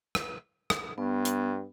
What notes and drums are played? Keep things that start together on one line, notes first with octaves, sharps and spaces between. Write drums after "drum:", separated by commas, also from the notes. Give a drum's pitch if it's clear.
drum: rim click
drum: rim click
G2 B3
drum: hi-hat